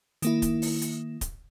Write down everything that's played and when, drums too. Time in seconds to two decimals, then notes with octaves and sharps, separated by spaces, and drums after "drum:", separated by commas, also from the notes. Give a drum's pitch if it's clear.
0.22 D#3 A#3 E4, drum: hi-hat
0.42 drum: kick D1, hi-hat
0.62 drum: open hi-hat
0.82 drum: hi-hat
1.21 drum: kick D1, hi-hat